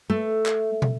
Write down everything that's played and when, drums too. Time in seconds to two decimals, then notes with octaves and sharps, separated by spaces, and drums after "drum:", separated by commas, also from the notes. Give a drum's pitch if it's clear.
0.10 A3
0.46 drum: clap
0.82 drum: tom